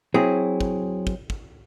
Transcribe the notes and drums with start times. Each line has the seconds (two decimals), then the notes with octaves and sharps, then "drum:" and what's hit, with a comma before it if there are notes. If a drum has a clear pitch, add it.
0.14 F#3 C4 E4 G#4
0.61 drum: kick
1.07 drum: kick
1.30 drum: kick